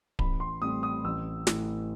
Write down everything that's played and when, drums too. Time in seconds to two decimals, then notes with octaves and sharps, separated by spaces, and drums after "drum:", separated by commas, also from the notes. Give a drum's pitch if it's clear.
0.19 A1 B5, drum: kick D1
0.40 C6
0.62 A2 G3 C4 D#6
0.83 D#6
1.04 A1 E6
1.47 A2 E3, drum: snare